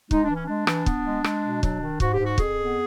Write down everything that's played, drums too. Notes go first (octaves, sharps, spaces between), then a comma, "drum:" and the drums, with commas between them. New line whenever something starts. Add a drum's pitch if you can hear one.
G#3 D#4, drum: kick
D4
E3 C#4
G#3 D4
E3, drum: rim click
B3, drum: kick
G#3
G#3, drum: rim click
B2
F#3 D4, drum: kick
D#3
G#2 F#4, drum: kick
G4
G#2
F#4
F2 G#4, drum: kick
B3